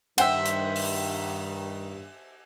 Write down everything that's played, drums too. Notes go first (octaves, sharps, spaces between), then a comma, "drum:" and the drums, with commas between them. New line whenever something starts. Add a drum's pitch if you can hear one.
G2 D#3 C5 E5 F#5 G5, drum: cymbal
drum: hi-hat
drum: open hi-hat